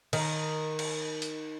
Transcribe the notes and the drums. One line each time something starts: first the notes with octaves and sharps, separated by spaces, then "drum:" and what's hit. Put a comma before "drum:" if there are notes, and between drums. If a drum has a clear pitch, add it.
D#3, drum: cymbal
drum: cymbal
drum: hi-hat